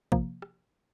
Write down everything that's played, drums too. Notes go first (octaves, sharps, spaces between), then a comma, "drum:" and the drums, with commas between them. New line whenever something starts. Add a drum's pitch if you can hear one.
C3 F3 A#3, drum: kick
drum: rim click